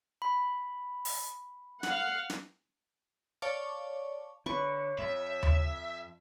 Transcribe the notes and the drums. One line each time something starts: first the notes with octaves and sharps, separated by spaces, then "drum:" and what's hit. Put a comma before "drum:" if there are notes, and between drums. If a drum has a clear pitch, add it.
B5
drum: open hi-hat
F5 F#5, drum: snare
drum: snare
C#5 D5 F5 A5 C#6 D6
D3 B4 C#5 C#6
F2 E5
drum: tom D#2